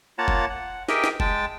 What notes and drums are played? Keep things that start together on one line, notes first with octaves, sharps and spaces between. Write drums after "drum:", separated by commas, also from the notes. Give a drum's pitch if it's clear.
A#3 F4 C#5 F#5 A5 A#5
drum: kick F1
F#5
G4 G#4 A#4 D#5 E5 G5, drum: snare
drum: snare
G#3 G5 A5, drum: kick F1